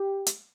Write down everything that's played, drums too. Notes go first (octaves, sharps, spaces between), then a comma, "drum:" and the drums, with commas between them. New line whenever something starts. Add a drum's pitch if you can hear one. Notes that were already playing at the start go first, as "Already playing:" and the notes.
Already playing: G4
drum: hi-hat